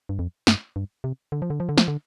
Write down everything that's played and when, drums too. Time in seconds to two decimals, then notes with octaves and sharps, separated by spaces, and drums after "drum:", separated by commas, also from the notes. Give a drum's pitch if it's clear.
0.09 G2
0.19 F2
0.47 G2, drum: snare
0.76 G2
1.04 C3
1.32 D3
1.42 F3
1.50 D3
1.60 F3
1.69 D3
1.78 F3, drum: snare
1.88 D3